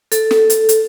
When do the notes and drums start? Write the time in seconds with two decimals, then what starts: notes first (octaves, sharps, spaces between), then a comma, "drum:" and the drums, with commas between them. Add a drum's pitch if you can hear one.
0.12 A4, drum: hi-hat
0.31 drum: snare
0.50 drum: hi-hat
0.69 drum: hi-hat